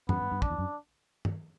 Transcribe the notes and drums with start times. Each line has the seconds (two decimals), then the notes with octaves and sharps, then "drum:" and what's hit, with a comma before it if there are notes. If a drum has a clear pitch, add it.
0.09 F#2 B3, drum: tom
0.21 G2
0.32 G2
0.42 F#2 D4, drum: kick
0.50 E2
0.58 F#2
1.25 drum: tom